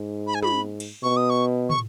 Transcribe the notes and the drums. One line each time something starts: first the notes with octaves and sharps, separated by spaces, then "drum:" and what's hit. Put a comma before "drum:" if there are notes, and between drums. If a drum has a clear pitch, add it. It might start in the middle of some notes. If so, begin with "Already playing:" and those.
Already playing: G#2
B5
G#5
B5, drum: tom
drum: cymbal
B2 C#6
D#6
C#6
C#6, drum: tom